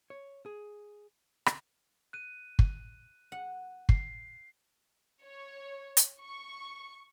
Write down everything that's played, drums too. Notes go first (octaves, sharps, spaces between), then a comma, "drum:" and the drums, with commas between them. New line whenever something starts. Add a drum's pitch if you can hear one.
C#5
G#4
drum: rim click
F#6 D#7
drum: kick
F#5
C7, drum: kick
C#5
drum: hi-hat
C#6